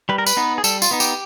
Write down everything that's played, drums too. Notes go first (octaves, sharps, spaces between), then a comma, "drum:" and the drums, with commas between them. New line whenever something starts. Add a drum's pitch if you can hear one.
G3 B4
A#4
B4, drum: tambourine
B3 D#4
G#4
G3 A4, drum: tambourine
F4, drum: tambourine
B3 D#4
G4, drum: tambourine